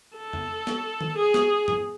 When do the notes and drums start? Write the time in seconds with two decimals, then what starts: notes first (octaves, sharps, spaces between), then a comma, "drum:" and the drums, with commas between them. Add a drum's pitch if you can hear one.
0.16 A4
0.33 drum: tom F2
0.67 drum: snare
1.01 drum: tom
1.18 G#4
1.34 drum: snare
1.68 drum: tom